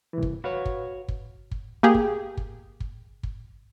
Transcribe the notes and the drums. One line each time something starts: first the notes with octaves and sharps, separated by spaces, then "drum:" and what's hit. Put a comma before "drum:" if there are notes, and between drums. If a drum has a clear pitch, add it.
C2 E3
drum: kick
F#4 B4 C#5 F5 B5
drum: kick
drum: kick
drum: kick
A#3 G4 G#4
drum: kick
drum: kick
drum: kick
drum: kick